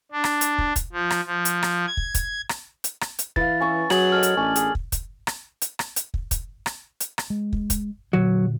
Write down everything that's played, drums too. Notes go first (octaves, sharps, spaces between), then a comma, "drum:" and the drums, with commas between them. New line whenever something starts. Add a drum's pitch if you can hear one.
D4
drum: rim click
drum: hi-hat
drum: kick
drum: kick, hi-hat
F3
drum: rim click
F3
drum: hi-hat
drum: rim click
G#6
drum: kick
drum: kick, hi-hat
drum: rim click
drum: hi-hat
drum: rim click
drum: hi-hat
E3 B4 F5 A6, drum: kick
C#4 C#6 E6
F#3 G#4 C#5 G#6 F#7, drum: rim click
A4 A#4 D#5 F6
drum: hi-hat
A1 C#4 D4
G#4, drum: hi-hat
drum: kick
drum: kick, hi-hat
drum: rim click
drum: hi-hat
drum: rim click
drum: hi-hat
drum: kick
drum: kick, hi-hat
drum: rim click
drum: hi-hat
drum: rim click
G#3
drum: kick
drum: kick, hi-hat
A#2 D3 F#3